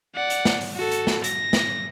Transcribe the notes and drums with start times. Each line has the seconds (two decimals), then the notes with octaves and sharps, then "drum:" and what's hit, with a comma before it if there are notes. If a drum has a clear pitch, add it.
0.15 D5 F#5
0.30 drum: hi-hat
0.45 drum: snare
0.61 drum: open hi-hat
0.75 F#4 A4
0.92 drum: hi-hat
1.07 drum: snare
1.24 A#6, drum: hi-hat
1.53 drum: snare